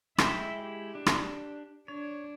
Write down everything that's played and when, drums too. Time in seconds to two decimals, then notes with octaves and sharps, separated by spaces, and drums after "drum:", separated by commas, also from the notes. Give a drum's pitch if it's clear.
0.18 G#3 E4 E5 G5, drum: rim click
0.63 G4
0.95 D4
1.06 drum: rim click
1.88 D4 C#5